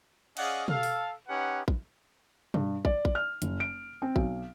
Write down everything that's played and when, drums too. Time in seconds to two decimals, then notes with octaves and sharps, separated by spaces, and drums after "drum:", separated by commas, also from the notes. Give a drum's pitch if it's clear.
0.37 C#4 G#4 D5 D#5 F5 F#5, drum: cymbal
0.68 A4 F5, drum: tom B2
0.83 drum: open hi-hat
1.28 C#4 D#4 G4 B4 F#5
1.68 drum: kick
2.54 G2, drum: tom B2
2.85 D5, drum: kick
3.05 drum: kick
3.15 F6
3.42 F#1, drum: hi-hat
3.60 D7
4.02 C4
4.16 B1, drum: kick